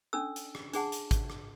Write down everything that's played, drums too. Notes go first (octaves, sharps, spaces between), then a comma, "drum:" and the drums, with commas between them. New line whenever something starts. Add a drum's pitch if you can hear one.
C#4 D4 A4 E6
drum: hi-hat
drum: rim click
D4 G#4 F#5 A5, drum: hi-hat
drum: hi-hat
drum: kick G#1, hi-hat
drum: rim click